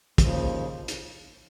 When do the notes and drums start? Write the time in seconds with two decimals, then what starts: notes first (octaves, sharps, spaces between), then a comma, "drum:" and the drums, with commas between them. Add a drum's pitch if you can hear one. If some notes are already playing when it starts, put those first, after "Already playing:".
0.18 D#2 C#3 F3, drum: kick, hi-hat
0.88 drum: hi-hat